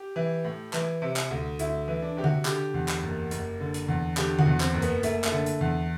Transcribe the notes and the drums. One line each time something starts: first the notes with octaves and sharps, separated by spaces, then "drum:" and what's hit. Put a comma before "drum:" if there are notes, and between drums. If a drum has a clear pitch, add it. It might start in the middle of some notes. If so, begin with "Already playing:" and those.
Already playing: G4
E3
A2
E3, drum: clap
C3
drum: clap
D2
D2 E4, drum: hi-hat
E3
D4
C3 G4
F#4, drum: tom D3
D3 G4, drum: clap
E2
drum: clap
F#1
F#1, drum: hi-hat
D3
drum: hi-hat
E2
D3 G4, drum: clap
F#4, drum: tom D3
E2
C4, drum: clap
F#1
B3, drum: hi-hat
F#1 A3, drum: hi-hat
A3, drum: clap
D3
drum: hi-hat
E2